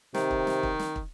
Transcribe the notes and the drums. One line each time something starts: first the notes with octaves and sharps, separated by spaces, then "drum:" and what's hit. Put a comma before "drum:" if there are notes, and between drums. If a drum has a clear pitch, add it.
C3 D#3, drum: snare
drum: kick
drum: snare
drum: kick
drum: snare
drum: kick